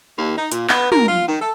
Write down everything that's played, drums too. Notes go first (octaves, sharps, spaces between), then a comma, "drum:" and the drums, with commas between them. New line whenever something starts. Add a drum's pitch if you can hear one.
D#2
D#4
A#2, drum: hi-hat
B3, drum: clap
A#4, drum: tom
F4
D#3
A4